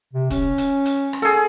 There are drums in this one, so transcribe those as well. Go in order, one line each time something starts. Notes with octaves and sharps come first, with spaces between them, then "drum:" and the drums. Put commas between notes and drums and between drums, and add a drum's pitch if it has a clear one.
C3
C#4, drum: kick, hi-hat
drum: hi-hat
drum: hi-hat
drum: rim click
G#4 A4